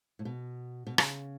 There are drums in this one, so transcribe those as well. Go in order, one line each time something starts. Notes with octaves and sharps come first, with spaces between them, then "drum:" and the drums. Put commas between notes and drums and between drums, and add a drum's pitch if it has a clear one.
A2
B2
B2
C#3, drum: rim click